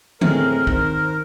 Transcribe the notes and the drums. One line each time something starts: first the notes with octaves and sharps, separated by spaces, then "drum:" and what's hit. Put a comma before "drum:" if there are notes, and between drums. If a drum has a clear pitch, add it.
A2 G#3 C4 A#4, drum: tom D3
D#3 C5, drum: kick